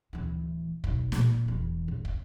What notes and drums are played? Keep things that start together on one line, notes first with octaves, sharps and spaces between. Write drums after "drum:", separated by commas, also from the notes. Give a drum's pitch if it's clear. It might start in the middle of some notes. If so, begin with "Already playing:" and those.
D1 E3
B1, drum: kick
A#2, drum: snare
E1 E3
A1
drum: kick